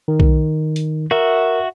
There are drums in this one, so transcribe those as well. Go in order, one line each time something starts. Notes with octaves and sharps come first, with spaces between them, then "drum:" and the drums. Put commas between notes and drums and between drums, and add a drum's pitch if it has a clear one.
D#3
drum: kick B1
drum: hi-hat
F#4 A#4 E5